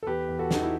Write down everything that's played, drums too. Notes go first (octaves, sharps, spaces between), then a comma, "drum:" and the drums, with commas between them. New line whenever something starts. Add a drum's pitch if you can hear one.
A4
E2 G4 B4
E2
F#4 A4
E2 D#4, drum: snare
E4